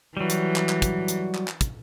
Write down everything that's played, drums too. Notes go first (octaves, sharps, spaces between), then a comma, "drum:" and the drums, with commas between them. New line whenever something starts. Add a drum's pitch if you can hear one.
E3 F#3 G3
drum: hi-hat
drum: clap
drum: clap
drum: kick, hi-hat
drum: hi-hat
drum: clap
drum: clap
drum: kick, hi-hat